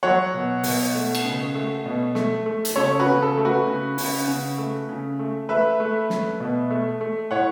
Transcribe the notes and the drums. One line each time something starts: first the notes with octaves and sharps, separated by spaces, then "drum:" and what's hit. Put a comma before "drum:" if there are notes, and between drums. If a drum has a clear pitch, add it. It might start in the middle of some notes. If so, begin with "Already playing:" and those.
F#3 C#5 F#5
B2
B2, drum: open hi-hat
A3
drum: cymbal
C#3
A3
B2
A3, drum: snare
A3
drum: hi-hat
C#3 A4 C#5
F#4 B4
C#3
A4
A3
F#4 B4
C#3
C#3, drum: open hi-hat
C#3
A3
C#3
A3
A3 B4 E5
A3
A3, drum: snare
B2
A3
A3
A2 C#5 F#5